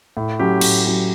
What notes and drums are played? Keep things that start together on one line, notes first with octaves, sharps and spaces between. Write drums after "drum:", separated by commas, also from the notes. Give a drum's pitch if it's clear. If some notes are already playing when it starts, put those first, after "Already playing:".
A2
F#3 C#4 G4
A2, drum: cymbal
F#3 C#4 G4